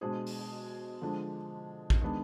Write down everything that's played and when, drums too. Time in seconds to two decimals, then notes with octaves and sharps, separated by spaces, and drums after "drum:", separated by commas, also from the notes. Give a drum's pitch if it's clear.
0.01 B2 G#3 D4 G#4 C5
0.26 drum: open hi-hat
1.01 D3 F3 G#3 D4
1.90 drum: kick A1
2.01 D#3 G#3 B3 D4